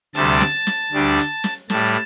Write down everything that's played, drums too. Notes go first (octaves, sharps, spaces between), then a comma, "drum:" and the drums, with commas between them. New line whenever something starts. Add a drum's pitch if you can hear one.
D2 C3 G3 A5, drum: hi-hat
drum: snare
drum: snare
D2 D3 G3
drum: hi-hat
drum: snare
A2 G3 A5, drum: snare